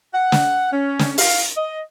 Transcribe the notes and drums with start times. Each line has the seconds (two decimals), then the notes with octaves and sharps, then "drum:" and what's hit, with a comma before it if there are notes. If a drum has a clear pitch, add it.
0.14 F#5
0.32 drum: snare
0.72 C#4
0.99 drum: snare
1.18 F5, drum: open hi-hat
1.56 D#5